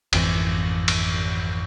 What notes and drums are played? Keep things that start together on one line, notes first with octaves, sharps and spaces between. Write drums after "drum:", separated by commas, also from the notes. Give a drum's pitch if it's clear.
G#1 F2 E3, drum: cymbal
drum: cymbal